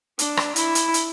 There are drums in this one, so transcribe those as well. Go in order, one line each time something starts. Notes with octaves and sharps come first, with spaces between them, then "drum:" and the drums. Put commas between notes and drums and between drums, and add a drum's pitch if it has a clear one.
D4, drum: hi-hat
drum: rim click
E4, drum: hi-hat
drum: hi-hat
drum: hi-hat